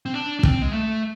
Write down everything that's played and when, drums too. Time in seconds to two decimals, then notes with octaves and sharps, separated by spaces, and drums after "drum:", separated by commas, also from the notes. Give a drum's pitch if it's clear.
0.06 C4
0.14 D4
0.39 D4
0.43 C4, drum: kick
0.62 G#3
0.73 A3